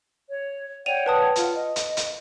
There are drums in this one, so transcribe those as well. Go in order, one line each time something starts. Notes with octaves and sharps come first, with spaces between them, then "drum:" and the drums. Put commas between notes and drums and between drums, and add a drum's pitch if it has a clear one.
C#5
C#5 D5 F#5 G5 D#7 F7
B4 A5 D#6
F4 F#5, drum: hi-hat
D#5
drum: hi-hat
drum: hi-hat